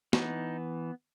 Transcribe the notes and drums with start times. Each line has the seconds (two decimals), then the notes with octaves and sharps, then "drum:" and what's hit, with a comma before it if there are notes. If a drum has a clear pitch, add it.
0.13 E3 B3 D#4, drum: snare